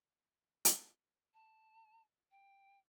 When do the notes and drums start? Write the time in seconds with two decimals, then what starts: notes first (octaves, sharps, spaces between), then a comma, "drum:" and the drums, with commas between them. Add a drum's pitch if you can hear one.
0.65 drum: hi-hat
1.33 A5
2.30 G5